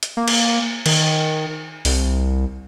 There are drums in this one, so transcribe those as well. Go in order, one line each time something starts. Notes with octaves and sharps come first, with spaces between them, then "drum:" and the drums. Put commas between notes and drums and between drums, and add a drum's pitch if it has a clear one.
drum: hi-hat
A#3
drum: cymbal
D#3, drum: cymbal
C2, drum: open hi-hat